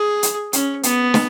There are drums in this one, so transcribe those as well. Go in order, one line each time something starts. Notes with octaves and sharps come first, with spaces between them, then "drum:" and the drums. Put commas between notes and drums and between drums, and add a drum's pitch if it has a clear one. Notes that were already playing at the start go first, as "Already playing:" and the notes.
Already playing: G#4
drum: hi-hat
C#4, drum: hi-hat
B3, drum: hi-hat
drum: snare